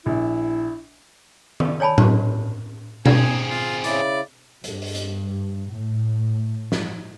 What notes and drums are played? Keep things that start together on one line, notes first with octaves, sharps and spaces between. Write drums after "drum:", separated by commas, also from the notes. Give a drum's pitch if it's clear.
A#1 E4
drum: tom D#3
C#5 D5 G#5 A5 B5
drum: tom A2
C4 G#4 G#5, drum: tom B2
F4
C#3 E4 D5, drum: hi-hat
G2, drum: hi-hat
drum: open hi-hat
drum: hi-hat
A2
drum: snare